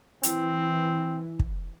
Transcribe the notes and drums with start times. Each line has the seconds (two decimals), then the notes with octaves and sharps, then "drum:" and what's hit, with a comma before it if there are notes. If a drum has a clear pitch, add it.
0.23 E3 C4 E4, drum: hi-hat
1.39 drum: kick